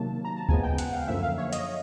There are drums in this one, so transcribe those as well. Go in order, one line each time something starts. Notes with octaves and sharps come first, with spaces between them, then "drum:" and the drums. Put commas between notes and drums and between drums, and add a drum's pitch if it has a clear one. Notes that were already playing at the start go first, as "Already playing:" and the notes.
Already playing: C3 D#3 F#3 A#3 A5
A#5
A5
C#3 F3 G#3 B3 G#5, drum: kick D2
G5
F#5, drum: hi-hat
F5
F#2 D3 F3 A#3 E5
F5
C#5
D#5, drum: hi-hat